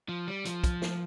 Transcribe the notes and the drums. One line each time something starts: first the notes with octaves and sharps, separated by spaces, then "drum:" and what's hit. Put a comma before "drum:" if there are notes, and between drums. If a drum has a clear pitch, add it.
F3
G3
F3, drum: hi-hat
drum: kick, hi-hat
drum: snare